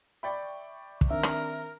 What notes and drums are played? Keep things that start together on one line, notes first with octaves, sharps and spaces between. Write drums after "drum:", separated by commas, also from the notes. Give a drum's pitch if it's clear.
D5 E5 G5 B5 C#6
drum: kick
D#3 C4 D4 A#4 E5
drum: rim click